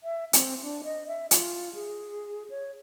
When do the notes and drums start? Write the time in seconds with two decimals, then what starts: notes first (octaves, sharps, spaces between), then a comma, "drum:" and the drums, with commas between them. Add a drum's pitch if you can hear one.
0.03 E5
0.33 C4, drum: hi-hat
0.63 D4
0.84 D#5
1.08 E5
1.31 F4, drum: hi-hat
1.75 G#4
2.50 C#5